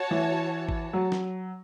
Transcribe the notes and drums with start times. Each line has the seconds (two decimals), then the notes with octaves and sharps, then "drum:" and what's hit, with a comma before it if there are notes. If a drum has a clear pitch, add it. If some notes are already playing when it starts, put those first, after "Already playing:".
Already playing: F#4 C#5 A5
0.11 E3
0.69 drum: kick G#1
0.93 F#3
1.12 drum: snare